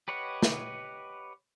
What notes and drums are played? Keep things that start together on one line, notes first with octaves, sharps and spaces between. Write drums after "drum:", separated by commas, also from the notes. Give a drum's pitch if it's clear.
G4 B4 C#5 D#5 F#5
drum: snare